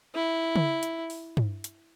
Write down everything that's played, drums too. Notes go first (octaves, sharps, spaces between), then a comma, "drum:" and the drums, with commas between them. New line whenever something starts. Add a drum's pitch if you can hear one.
E4
drum: tom
drum: hi-hat
drum: open hi-hat
drum: tom G2
drum: hi-hat